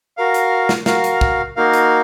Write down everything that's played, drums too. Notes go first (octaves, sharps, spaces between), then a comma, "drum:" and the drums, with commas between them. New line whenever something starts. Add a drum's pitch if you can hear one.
F#4 A#4 F5
drum: hi-hat
drum: snare
F#4 A#4 F5, drum: snare
drum: hi-hat
drum: kick B1
A#3 D#4 F#4 A#4 F5
drum: hi-hat